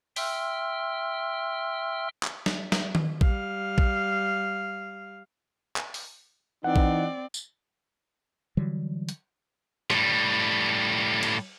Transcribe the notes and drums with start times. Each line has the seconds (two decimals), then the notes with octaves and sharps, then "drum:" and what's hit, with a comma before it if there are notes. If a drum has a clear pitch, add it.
0.16 E5 G5 C6 E6 F6, drum: open hi-hat
2.23 drum: clap
2.46 drum: snare
2.72 drum: snare
2.95 drum: tom D#3
3.21 G3 F5, drum: kick A#1
3.78 drum: kick A#1
5.76 drum: clap
5.94 drum: open hi-hat
6.64 E3 C4 D#4 D5 F#5
6.76 drum: kick A#1
7.34 drum: tambourine
8.57 D3 E3 F#3 G3
9.09 drum: hi-hat
9.90 A2 G3, drum: rim click
11.23 drum: cymbal